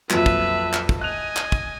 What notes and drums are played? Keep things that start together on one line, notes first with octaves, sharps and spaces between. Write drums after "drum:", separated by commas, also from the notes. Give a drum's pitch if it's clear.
F2 A#2 F#3 B4 E5, drum: clap
drum: kick
drum: clap
drum: kick
D#5 G#5 F#6 F7
drum: clap
drum: kick